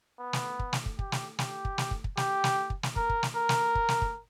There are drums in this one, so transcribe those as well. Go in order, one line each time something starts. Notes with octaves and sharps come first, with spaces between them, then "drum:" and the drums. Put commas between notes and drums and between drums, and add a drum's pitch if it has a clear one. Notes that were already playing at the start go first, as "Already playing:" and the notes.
B3
drum: snare
drum: kick
drum: snare
drum: kick
G4, drum: kick
drum: snare
G4, drum: snare
drum: kick
drum: snare
drum: kick
drum: kick
G4, drum: snare
drum: snare
drum: kick
drum: snare
A#4, drum: kick
drum: kick
drum: snare
A#4
drum: snare
drum: kick
drum: snare
drum: kick